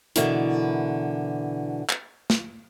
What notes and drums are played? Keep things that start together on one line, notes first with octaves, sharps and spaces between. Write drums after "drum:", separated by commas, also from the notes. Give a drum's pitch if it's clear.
B2 D3 E3 E4 F#4 A#4, drum: hi-hat
drum: clap
drum: snare